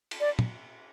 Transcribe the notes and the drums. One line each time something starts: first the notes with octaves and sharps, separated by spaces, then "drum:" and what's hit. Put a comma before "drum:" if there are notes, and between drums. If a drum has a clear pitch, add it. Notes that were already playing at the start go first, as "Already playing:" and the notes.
drum: cymbal
D5
drum: tom